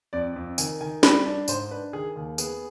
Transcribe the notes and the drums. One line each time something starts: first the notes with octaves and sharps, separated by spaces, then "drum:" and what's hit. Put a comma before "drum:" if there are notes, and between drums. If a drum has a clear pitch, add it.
F2 D5
F2
D#3 G#5, drum: tambourine
D#3 G#5
G3 B5, drum: snare
D4
G#2 C5, drum: tambourine
D4 B4
D#3 G#4
D#2
B3 G#4, drum: tambourine